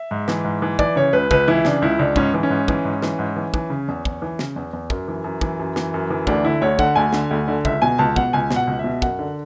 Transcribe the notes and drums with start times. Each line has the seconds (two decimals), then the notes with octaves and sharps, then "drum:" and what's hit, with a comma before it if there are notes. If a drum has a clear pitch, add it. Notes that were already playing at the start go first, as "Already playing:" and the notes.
Already playing: E5
0.11 G#2
0.28 E3, drum: snare
0.45 G#2
0.62 E3
0.79 E3 D5, drum: kick
0.96 C#3 C#5
1.13 C#2 B4
1.31 C#2 B4, drum: kick
1.48 E3 E4
1.65 C#3 D4, drum: snare
1.82 C#2 E4
1.99 C#2 D4
2.16 G#2 C#4, drum: kick
2.34 E3
2.43 C#4
2.50 G#2
2.68 E3, drum: kick
2.85 G#2
3.02 E3, drum: snare
3.19 G#2
3.36 E3
3.54 E3, drum: kick
3.70 C#3
3.88 E2
4.05 E2, drum: kick
4.22 E3
4.39 C#3, drum: snare
4.56 E2
4.73 E2
4.90 F#2, drum: kick
5.08 E3
5.24 F#2
5.41 E3, drum: kick
5.59 F#2
5.76 E3, drum: snare
5.94 F#2
6.10 E3
6.27 D2 D4, drum: kick
6.44 D3 E4
6.61 D2 C#5
6.79 D3 F#5, drum: kick
6.96 D2 G#5
7.13 D3, drum: snare
7.31 D2
7.48 D3
7.65 C#2 E5, drum: kick
7.82 B2 G#5
7.98 C#2 A5
8.16 B2 F#5, drum: kick
8.33 C#2 G#5
8.51 B2, drum: snare
8.56 F#5
8.67 C#2
8.79 E5
8.84 B2
9.02 F#2 F#5, drum: kick
9.19 D3